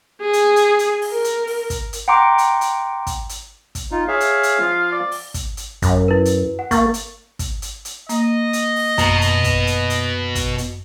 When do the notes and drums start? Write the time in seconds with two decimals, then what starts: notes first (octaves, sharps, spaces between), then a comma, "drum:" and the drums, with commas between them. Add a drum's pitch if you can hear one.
0.21 G#4
0.33 drum: hi-hat
0.56 drum: hi-hat
0.79 drum: hi-hat
1.02 drum: open hi-hat
1.11 A#4
1.24 drum: hi-hat
1.47 drum: open hi-hat
1.70 drum: kick, hi-hat
1.93 drum: hi-hat
2.08 F#5 G5 A#5 C6 D6
2.38 drum: hi-hat
2.61 drum: hi-hat
3.07 drum: kick, hi-hat
3.29 drum: hi-hat
3.75 drum: kick, hi-hat
3.91 D#4 F4
4.08 G#4 C#5 E5 F5
4.20 drum: hi-hat
4.43 drum: hi-hat
4.59 F3 F4
4.92 D5
5.12 drum: open hi-hat
5.34 drum: kick, hi-hat
5.57 drum: hi-hat
5.82 F#2, drum: kick, hi-hat
6.08 E4 B4
6.25 drum: hi-hat
6.59 F#5
6.71 A#3 C#6 A6, drum: kick, hi-hat
6.94 drum: hi-hat
7.39 drum: kick, hi-hat
7.62 drum: hi-hat
7.85 drum: hi-hat
8.09 A#3 D#5, drum: hi-hat
8.53 drum: hi-hat
8.76 drum: open hi-hat
8.98 F#2 B2 A#5, drum: kick, hi-hat
9.21 drum: hi-hat
9.44 drum: kick, hi-hat
9.67 drum: hi-hat
9.90 drum: hi-hat
10.35 drum: kick, hi-hat
10.58 drum: hi-hat